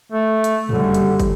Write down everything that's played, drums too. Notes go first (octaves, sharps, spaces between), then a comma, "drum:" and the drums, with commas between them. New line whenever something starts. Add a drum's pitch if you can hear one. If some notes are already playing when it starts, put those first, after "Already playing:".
A3
drum: hi-hat
F#1 D3 G3, drum: tom
drum: hi-hat
drum: kick, hi-hat